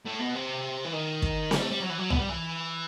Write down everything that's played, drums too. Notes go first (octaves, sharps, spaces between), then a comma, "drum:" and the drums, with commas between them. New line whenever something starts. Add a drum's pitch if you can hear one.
A2
B2
C3
E3
D#3
drum: kick
G3, drum: snare C4
A3
G3
F#3
E3
F#3
B3, drum: tom C2
G3
E3